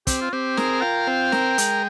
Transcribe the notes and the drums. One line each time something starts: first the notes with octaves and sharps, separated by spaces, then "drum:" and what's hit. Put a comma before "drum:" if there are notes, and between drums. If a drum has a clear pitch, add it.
C4 G4, drum: kick, hi-hat
F4
C4 G4
G#4 A#4, drum: snare
F4 G5
C4
A#4, drum: snare
G#3, drum: hi-hat